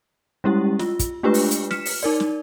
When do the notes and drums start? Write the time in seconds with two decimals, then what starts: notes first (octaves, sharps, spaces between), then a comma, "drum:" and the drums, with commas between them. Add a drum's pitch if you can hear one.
0.44 G3 G#3 C#4 E4 G4
0.79 F4, drum: snare
0.99 drum: kick, hi-hat
1.23 G#3 A3 D4 F4 G4 B4
1.34 drum: open hi-hat
1.51 drum: hi-hat
1.71 F6 B6 C#7 E7, drum: snare
1.85 drum: open hi-hat
2.03 D#4 A#4 D5
2.20 drum: snare